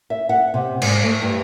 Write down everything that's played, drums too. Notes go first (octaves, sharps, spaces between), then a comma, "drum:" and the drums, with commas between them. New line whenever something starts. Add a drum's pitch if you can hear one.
E5
F#5
C3
G#2, drum: cymbal
A3
G2